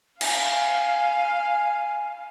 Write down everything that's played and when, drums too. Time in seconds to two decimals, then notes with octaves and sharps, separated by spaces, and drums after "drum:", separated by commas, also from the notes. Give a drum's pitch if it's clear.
0.21 F5 G#5, drum: cymbal